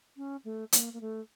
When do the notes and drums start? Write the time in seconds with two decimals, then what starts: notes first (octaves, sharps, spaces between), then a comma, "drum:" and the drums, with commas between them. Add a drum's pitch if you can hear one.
0.17 C#4
0.44 A3
0.72 A#3, drum: hi-hat
0.93 A#3
1.01 A3